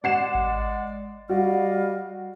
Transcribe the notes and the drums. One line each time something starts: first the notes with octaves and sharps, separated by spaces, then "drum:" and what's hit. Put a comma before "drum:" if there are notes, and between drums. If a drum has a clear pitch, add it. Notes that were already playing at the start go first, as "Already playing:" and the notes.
G#3 D5 F#5 C7 E7
drum: kick G#1
G3 F#4 D5 D#5 F5